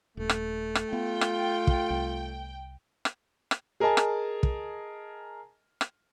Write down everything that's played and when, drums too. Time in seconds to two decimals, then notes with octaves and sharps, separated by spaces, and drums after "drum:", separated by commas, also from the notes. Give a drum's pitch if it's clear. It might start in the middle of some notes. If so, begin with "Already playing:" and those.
0.17 D#1 A3
0.29 drum: rim click
0.75 drum: rim click
0.93 B3 F4 G5
1.21 drum: rim click
1.67 drum: kick
1.90 C2
3.05 drum: rim click
3.51 drum: rim click
3.80 G#4 A#4 D#5 G#5 A5
3.97 drum: rim click
4.43 drum: kick
5.81 drum: rim click